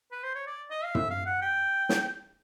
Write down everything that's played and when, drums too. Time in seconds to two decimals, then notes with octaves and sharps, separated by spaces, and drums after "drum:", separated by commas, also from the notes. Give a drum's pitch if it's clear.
0.12 B4
0.23 C5
0.35 C#5
0.47 D5
0.71 D#5
0.84 F5
0.95 E5, drum: tom
1.11 F5
1.26 F#5
1.42 G5
1.89 drum: snare